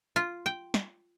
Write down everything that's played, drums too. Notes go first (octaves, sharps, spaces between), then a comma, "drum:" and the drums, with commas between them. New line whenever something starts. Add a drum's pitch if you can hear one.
F4
G5
drum: snare